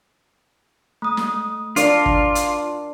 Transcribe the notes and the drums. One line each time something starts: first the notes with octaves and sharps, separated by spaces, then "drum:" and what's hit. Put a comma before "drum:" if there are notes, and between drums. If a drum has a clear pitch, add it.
A3 D#6
drum: snare
D4 F4 A#4 D5 D6, drum: hi-hat
drum: kick
drum: hi-hat